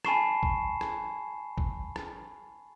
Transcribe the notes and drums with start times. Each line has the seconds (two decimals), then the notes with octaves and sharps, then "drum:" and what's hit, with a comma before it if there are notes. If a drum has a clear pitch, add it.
0.04 G#5 A5 B5 C#6 C7 E7, drum: rim click
0.43 drum: kick
0.81 drum: rim click
1.58 drum: kick
1.96 drum: rim click